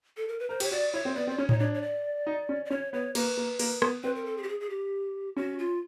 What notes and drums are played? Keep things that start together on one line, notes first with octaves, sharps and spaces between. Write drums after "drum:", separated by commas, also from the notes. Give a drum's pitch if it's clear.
A4
A#4
B4
A#4 C5
G4, drum: cymbal
C#5
F#4 D5
E4 C#5
C4
B3 D5
C4
D5
C#4 C#5
D#4 C#5, drum: tom A2
D4 C#5
C#5
D5
D#4
C#4
D5
C#4 C#5
B3 C#5
A#3 B4, drum: cymbal
A#3
A#3, drum: open hi-hat
B3, drum: rim click
C4 B4
A#4
A4
G#4
G4
G#4
G#4
G4
C#4 F#4
F4